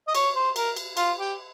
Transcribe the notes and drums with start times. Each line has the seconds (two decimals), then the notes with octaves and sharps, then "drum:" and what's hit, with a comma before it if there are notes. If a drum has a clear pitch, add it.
0.08 D#5
0.15 C#5, drum: cymbal
0.35 C5
0.56 A#4, drum: cymbal
0.76 drum: cymbal
0.97 F4, drum: cymbal
1.19 G4